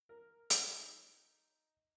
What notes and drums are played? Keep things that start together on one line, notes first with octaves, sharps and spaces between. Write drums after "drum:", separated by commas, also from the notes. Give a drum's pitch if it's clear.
A#4
D#4, drum: hi-hat